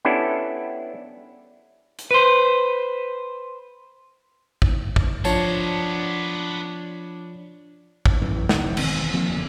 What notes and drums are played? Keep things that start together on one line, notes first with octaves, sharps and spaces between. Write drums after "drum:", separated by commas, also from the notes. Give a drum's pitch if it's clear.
B3 C#4 D4 E4 G4 A4
drum: hi-hat
B4 C5
drum: kick
drum: kick
F3 B3 D4 F4 C5 C#5 A5, drum: tambourine
drum: kick
F#2 A2 E3
D2 B2 E3, drum: snare
F1
E1 D#3 C4, drum: cymbal
F3 A#3 C4
F#1 E2 D3